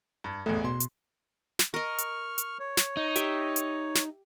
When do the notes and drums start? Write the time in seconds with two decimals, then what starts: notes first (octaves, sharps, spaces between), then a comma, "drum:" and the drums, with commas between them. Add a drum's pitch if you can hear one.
0.24 G2
0.46 A1 E2 A3
0.64 B2 C6
0.80 drum: hi-hat
1.59 drum: snare
1.74 A#4 D#5 C#6 F6
1.98 drum: hi-hat
2.38 drum: hi-hat
2.60 C#5
2.77 drum: snare
2.97 D#4
3.16 G4 E5 G5, drum: hi-hat
3.56 drum: hi-hat
3.95 drum: snare